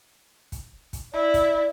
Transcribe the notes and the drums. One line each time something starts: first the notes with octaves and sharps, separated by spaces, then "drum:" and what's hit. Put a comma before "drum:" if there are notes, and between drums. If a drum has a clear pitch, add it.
drum: kick, hi-hat
drum: kick, hi-hat
E4 D5
drum: kick, hi-hat